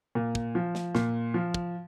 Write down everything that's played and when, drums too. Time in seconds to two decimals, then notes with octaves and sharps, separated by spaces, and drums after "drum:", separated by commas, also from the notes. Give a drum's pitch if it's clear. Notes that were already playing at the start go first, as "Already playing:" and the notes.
0.15 A#2
0.35 drum: kick
0.55 F3
0.75 drum: snare
0.95 A#2, drum: snare
1.34 F3
1.54 drum: kick